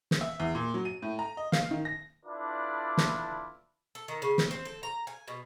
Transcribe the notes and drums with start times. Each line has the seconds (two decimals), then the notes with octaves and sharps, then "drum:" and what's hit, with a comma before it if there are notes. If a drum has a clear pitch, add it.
0.11 drum: snare
0.21 E5
0.40 E2
0.55 A#2
0.74 F#3
0.85 D#7
1.02 A2
1.19 A#5
1.37 D#5
1.52 F5, drum: snare
1.71 D#3
1.85 A#6
2.26 D4 E4 F4 A4 B4 D5
2.97 drum: snare
3.95 A4
4.08 D#3
4.22 C#3
4.38 G4, drum: snare
4.51 C4
4.65 A4
4.83 A#5
5.07 G#5
5.28 B2